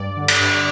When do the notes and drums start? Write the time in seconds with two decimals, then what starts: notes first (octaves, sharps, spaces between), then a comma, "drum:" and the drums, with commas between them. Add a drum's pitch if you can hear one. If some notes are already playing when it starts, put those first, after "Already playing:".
Already playing: G2 D5
0.16 D3
0.28 drum: cymbal
0.40 G2